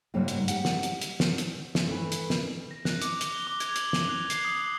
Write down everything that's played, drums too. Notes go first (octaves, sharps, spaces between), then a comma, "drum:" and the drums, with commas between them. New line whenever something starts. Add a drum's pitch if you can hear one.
G#2 C#3 F#3 G3 A#3
drum: hi-hat
G4 F#5, drum: hi-hat
drum: snare
drum: hi-hat
drum: hi-hat
drum: snare
drum: hi-hat
drum: snare
E3 A3
drum: hi-hat
drum: snare
A#6
F#6, drum: snare
D6, drum: hi-hat
G7, drum: hi-hat
D6
G#6, drum: hi-hat
F#7, drum: hi-hat
F7, drum: snare
F#6
C7, drum: hi-hat
D#6
D#6